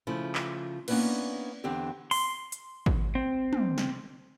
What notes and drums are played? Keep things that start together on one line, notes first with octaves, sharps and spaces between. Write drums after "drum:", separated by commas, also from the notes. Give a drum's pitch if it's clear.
C#3 F3 A3 E4
drum: clap
A#3 B3 C#4 D4 E4 B4, drum: cymbal
E2 D3 C4 G4
C6, drum: open hi-hat
drum: hi-hat
drum: kick G#1
C4
drum: tom
drum: snare